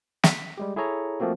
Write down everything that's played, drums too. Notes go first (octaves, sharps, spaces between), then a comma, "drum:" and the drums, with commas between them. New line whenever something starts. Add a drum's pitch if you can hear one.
B6, drum: snare
G3 G#3 G4
E4 G#4 A4 C#5 A#5
F3 A3 A#3 C4 F#4